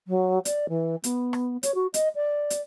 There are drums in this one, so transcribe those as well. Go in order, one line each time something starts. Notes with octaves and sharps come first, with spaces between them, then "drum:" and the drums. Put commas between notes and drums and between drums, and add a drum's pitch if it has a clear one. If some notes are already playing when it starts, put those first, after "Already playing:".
F#3
D5, drum: hi-hat
E3
B3, drum: hi-hat
drum: rim click
C#5, drum: hi-hat
F#4
D#5, drum: hi-hat
D5
drum: hi-hat